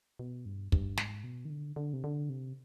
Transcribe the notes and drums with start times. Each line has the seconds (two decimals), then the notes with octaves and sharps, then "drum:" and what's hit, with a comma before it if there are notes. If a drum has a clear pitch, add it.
0.19 B2
0.46 G2
0.72 G2, drum: kick
0.97 G#2, drum: snare
1.24 B2
1.45 D#3
1.50 D3
1.76 D3
1.93 C3
2.04 D3
2.29 C3